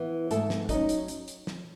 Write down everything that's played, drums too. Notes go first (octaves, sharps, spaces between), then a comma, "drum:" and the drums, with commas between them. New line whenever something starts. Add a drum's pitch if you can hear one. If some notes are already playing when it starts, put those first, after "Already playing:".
Already playing: E3 B3
G#2 A3 A4, drum: hi-hat
drum: snare
F#3 C#4 D#4 D#5, drum: kick, hi-hat
drum: hi-hat
drum: hi-hat
drum: hi-hat
drum: snare